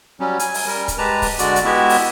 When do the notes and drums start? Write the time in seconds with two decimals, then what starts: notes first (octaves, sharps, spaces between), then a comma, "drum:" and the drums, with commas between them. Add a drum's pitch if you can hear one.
0.20 F#3 G3 C#4
0.39 G#5, drum: hi-hat
0.54 drum: open hi-hat
0.66 G3 A#4
0.88 drum: kick, hi-hat
0.98 G#3 G4 B4 A5 A#5
1.22 drum: kick, open hi-hat
1.39 D3 G#3 F#4 D5, drum: hi-hat
1.56 drum: hi-hat
1.65 G#3 B3 E4 F#4 G4 E5
1.89 drum: open hi-hat